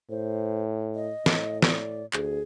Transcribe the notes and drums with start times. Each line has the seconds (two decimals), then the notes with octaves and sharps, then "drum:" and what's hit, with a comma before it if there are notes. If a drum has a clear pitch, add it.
0.10 A2 C5
0.95 D#5
1.26 A2, drum: snare
1.62 D5, drum: snare
2.13 D2 G#4, drum: clap